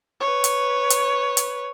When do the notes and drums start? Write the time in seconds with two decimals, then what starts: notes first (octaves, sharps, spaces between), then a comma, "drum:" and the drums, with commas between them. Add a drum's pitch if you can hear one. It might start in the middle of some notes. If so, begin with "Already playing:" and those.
0.21 B4 C#5
0.44 drum: hi-hat
0.90 drum: hi-hat
1.37 drum: hi-hat